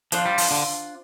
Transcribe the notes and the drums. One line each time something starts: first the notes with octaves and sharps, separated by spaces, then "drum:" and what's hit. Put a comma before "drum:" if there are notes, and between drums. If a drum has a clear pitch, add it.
F3 D4 F4 C5 F5, drum: hi-hat
G3
F3, drum: open hi-hat
D3